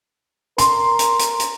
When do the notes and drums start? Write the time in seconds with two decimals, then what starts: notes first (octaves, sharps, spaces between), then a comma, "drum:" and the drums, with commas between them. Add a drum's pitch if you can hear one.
0.58 A#4 C6, drum: hi-hat
0.99 drum: hi-hat
1.19 drum: hi-hat
1.40 drum: hi-hat